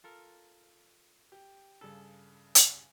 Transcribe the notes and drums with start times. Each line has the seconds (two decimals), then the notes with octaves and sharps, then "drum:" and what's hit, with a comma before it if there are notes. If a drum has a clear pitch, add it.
0.04 F4 A4 A#4
1.32 G4
1.81 G2 C#3 A4
2.55 drum: hi-hat